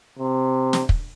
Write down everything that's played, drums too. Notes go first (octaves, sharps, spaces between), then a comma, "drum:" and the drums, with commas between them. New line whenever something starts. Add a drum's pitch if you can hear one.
C3
drum: snare
drum: kick